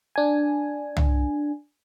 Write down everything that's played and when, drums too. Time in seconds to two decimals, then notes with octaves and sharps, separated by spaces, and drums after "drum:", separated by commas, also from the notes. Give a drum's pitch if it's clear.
0.16 D4 G#5
0.97 drum: tom C2